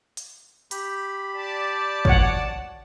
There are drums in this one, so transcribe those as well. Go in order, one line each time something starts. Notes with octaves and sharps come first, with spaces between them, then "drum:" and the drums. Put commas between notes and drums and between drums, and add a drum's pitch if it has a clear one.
drum: hi-hat
G4 B5, drum: hi-hat
D5 A5
C#5 F#5, drum: kick